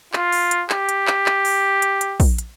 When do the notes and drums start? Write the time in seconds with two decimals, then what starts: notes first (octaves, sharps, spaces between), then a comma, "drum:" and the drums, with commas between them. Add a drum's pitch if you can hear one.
0.13 F4, drum: clap
0.32 drum: open hi-hat
0.51 drum: hi-hat
0.70 G4, drum: clap
0.89 drum: hi-hat
1.07 drum: clap
1.26 drum: clap
1.45 drum: open hi-hat
1.82 drum: hi-hat
2.01 drum: hi-hat
2.20 drum: kick, open hi-hat
2.38 drum: hi-hat